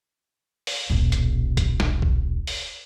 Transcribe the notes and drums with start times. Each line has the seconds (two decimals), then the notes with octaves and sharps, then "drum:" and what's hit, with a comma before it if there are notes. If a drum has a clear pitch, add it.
0.67 drum: open hi-hat
0.90 D#1 B1
1.12 drum: hi-hat
1.57 drum: kick B1, hi-hat
1.80 drum: snare
2.02 drum: kick B1
2.47 drum: open hi-hat